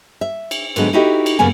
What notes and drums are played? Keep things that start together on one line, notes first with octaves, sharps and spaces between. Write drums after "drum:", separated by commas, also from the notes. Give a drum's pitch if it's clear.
E5
drum: cymbal
G#2 D3 F#3 G#3 A3 B3, drum: cymbal
D#4 E4 F#4 G4 A4 D#5
drum: cymbal
F#2 C#3 A#3 B3 G#5